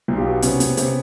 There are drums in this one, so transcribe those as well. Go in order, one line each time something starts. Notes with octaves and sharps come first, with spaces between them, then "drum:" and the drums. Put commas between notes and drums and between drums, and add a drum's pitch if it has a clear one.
B1
F4 G4
B2
C3 B3 C#4, drum: hi-hat
C3, drum: hi-hat
C3, drum: hi-hat